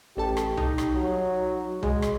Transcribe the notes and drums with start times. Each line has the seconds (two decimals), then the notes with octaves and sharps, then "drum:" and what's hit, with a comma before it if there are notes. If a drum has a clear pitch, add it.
0.17 A1 G4 A4 A5
0.37 drum: rim click
0.57 D#4, drum: tom C2
0.78 drum: rim click
0.94 F#3
1.83 G#3, drum: tom C2
2.02 drum: rim click